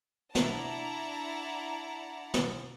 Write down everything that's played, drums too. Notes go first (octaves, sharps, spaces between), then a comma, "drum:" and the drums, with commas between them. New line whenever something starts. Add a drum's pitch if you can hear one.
D4 E4 D5 F#5 A5 A#5, drum: snare
drum: snare